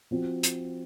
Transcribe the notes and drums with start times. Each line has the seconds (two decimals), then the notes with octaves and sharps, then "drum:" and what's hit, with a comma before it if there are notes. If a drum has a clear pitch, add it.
0.11 F3 C4 F#4
0.43 drum: hi-hat